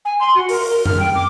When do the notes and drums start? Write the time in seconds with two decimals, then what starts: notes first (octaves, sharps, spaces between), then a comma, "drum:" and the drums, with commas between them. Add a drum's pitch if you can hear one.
0.05 G#5
0.19 C6
0.34 F#4
0.49 A#4, drum: open hi-hat
0.69 A#4
0.85 F6, drum: tom F2
1.00 G5
1.15 D6